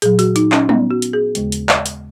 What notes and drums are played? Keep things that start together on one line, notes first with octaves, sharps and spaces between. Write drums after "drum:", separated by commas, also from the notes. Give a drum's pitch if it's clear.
A#2 F#3 G#4, drum: hi-hat
F#4, drum: hi-hat
D#4, drum: hi-hat
C#4, drum: clap
B3, drum: tom
F#4
drum: hi-hat
G#4
D#2 C#3 G#3, drum: hi-hat
drum: hi-hat
drum: clap
drum: hi-hat